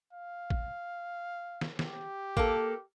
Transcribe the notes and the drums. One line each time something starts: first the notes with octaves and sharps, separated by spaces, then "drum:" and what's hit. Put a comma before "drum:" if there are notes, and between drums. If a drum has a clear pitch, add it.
F5
drum: kick A1
drum: snare
G4, drum: snare
A#3 A4, drum: kick A1